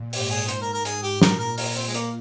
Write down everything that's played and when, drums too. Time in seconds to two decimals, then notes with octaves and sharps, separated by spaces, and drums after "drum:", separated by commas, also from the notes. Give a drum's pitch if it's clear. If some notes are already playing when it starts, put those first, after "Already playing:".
Already playing: A#2
0.13 G#2 G4, drum: open hi-hat
0.31 G#4
0.49 C5, drum: hi-hat
0.62 A#4
0.74 A#4
0.85 G#4, drum: hi-hat
1.03 G4
1.22 A#2 A#4, drum: snare
1.39 A#4
1.58 A#4, drum: open hi-hat
1.76 C4
1.88 G#3
1.94 A#3, drum: hi-hat